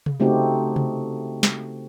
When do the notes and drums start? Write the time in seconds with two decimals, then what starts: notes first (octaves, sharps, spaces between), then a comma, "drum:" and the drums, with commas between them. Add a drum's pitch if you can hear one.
0.06 drum: tom C3
0.20 C#3 A3 C4 D#4 F#4 G4
0.76 drum: tom C3
1.43 drum: snare